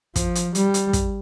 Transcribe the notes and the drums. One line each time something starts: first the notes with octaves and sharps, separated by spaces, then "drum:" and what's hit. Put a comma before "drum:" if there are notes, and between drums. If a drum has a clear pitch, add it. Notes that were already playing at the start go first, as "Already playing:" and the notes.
F3, drum: kick, hi-hat
drum: hi-hat
G3, drum: hi-hat
drum: hi-hat
drum: kick, hi-hat